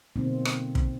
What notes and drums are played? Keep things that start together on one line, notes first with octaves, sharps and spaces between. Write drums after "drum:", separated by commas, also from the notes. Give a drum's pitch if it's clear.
B2 D3 F#3 A#3 C4 D#4
drum: rim click
drum: kick